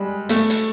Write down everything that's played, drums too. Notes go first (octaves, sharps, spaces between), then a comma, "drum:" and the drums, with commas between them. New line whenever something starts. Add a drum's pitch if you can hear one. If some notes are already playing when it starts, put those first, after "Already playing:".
Already playing: G3 G#3
A3, drum: hi-hat
drum: hi-hat